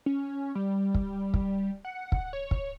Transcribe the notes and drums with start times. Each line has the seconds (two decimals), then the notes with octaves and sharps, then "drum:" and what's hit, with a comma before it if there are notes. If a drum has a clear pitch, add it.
0.06 C#4
0.55 G3
0.94 drum: kick
1.34 drum: kick
1.85 F#5
2.12 drum: kick
2.33 C#5
2.51 drum: kick